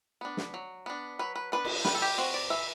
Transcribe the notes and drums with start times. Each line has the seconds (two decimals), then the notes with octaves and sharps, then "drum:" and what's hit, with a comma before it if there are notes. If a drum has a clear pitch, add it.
0.21 B3 D4
0.37 drum: snare
0.54 F#3
0.86 B3 D4
1.19 F#3 B4
1.35 B4
1.52 B3 D4 B4
1.65 drum: cymbal
1.85 G3 B4, drum: snare
1.95 A4
2.02 G4
2.18 C4 F#4
2.34 D5
2.50 E3 E5